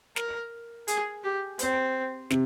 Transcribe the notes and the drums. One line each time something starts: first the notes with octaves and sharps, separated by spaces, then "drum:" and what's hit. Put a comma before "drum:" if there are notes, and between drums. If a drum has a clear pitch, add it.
A#4, drum: snare
G#4, drum: hi-hat
G4
C4, drum: hi-hat
C3, drum: snare